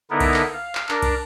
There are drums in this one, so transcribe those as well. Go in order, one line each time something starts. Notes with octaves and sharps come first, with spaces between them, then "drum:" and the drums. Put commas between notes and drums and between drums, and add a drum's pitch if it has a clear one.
D3 B3 D#4 E4 A#4
drum: kick C2, cymbal
drum: clap
F5
drum: clap
D4 A#4, drum: clap
drum: kick C2, cymbal